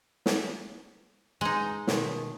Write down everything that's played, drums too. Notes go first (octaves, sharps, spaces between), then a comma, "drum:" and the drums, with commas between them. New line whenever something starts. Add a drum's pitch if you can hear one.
drum: snare
G#3 D#4
B2 D#3, drum: snare